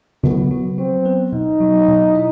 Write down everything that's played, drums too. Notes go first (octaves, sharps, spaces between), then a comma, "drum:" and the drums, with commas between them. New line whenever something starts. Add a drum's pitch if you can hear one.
F#3 B3, drum: tom C#3
F#3
F#3 C4
B3
B2 D#4
F#3
B2
E4